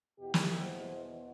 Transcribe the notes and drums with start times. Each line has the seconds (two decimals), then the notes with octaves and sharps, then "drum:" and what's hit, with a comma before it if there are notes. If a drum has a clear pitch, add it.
0.19 E2 B2 G4
0.34 drum: snare
0.61 C5